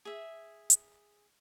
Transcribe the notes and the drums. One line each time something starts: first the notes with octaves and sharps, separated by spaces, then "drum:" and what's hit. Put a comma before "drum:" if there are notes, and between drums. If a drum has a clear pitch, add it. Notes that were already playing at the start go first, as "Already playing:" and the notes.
G#4 E5
drum: hi-hat